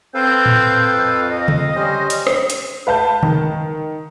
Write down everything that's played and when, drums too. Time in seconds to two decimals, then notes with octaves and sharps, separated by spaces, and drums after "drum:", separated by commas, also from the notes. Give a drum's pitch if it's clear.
0.15 C4 A4 B4 F5 G6
0.46 drum: tom A2
0.95 F2
1.28 D#5 F5
1.48 drum: tom C3
1.75 G3 C#4 C5
2.10 drum: hi-hat
2.27 drum: rim click
2.50 drum: hi-hat
2.87 B4 F5 A5 G6
3.23 D#3, drum: tom C3